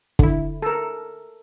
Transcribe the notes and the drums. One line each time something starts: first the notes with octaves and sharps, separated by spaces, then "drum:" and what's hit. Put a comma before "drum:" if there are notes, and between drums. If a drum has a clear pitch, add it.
D3 E4, drum: kick
A4 A#4